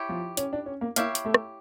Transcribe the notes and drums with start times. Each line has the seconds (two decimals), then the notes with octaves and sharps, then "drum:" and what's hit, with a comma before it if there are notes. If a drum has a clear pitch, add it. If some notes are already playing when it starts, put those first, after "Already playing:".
Already playing: E4 G4 C#5
0.09 F3
0.37 C#4, drum: hi-hat
0.53 D4
0.66 C#4
0.81 A#3
0.96 A#3 E4 G4 C#5 F5, drum: hi-hat
1.15 drum: hi-hat
1.25 A3
1.34 drum: rim click